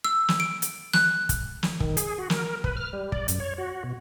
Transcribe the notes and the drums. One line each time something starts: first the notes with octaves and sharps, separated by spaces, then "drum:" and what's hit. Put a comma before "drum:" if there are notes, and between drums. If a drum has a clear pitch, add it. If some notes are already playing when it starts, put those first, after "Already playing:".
E6
drum: snare
D7
drum: hi-hat
F#6, drum: snare
drum: kick, hi-hat
drum: snare
D#3, drum: kick
G#4, drum: hi-hat
F#4
A#4, drum: snare
B4, drum: kick
F6
G3
D5, drum: kick
F#2, drum: hi-hat
C#5
F#4
B2